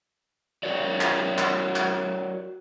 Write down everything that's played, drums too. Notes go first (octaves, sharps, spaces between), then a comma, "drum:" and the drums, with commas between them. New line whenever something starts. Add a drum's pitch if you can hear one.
F#4 A#4 C#5 D5
drum: clap
drum: clap
drum: clap